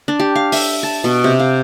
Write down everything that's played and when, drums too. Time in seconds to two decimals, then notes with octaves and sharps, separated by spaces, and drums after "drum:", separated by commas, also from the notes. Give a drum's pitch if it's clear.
0.08 D4
0.20 G4
0.35 F5
0.52 E5, drum: open hi-hat
0.83 A5
1.04 B2
1.24 C3
1.39 F5